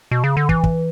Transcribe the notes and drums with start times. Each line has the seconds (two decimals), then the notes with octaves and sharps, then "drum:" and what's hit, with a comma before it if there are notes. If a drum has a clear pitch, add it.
0.11 B2
0.24 C#3
0.37 D3
0.49 E3, drum: kick
0.64 drum: kick